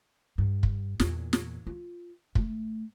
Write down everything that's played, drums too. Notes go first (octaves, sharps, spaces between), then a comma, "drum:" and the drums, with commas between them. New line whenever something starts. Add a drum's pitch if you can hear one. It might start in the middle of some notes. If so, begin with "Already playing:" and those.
G2
drum: kick
E2 A#2, drum: snare
drum: snare
F4
A3, drum: kick